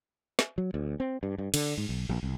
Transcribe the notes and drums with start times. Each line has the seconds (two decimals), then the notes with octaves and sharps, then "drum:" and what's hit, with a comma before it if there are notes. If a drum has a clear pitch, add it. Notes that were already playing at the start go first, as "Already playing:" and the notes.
0.39 drum: snare
0.58 F#3
0.74 D2
1.00 C4
1.23 G2
1.38 G2
1.54 D3, drum: cymbal
1.78 G#2
1.89 B1
2.09 A#1
2.23 C2